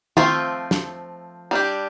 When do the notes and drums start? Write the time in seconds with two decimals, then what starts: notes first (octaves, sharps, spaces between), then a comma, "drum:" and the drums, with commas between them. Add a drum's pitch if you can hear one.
0.17 F3 A3 C4 F4, drum: tom D#3
0.71 drum: snare
1.51 G3 D4 G4